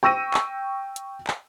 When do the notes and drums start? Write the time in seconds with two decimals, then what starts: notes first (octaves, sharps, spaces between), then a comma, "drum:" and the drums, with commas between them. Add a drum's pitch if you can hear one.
0.03 G5 C#6 E6 A#6 D#7
0.34 drum: clap
0.96 drum: hi-hat
1.27 drum: clap